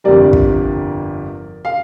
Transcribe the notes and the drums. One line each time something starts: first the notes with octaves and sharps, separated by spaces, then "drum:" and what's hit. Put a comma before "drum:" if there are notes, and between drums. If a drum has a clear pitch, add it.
G1 F2 C3 G3 A#4 D5
drum: kick
F5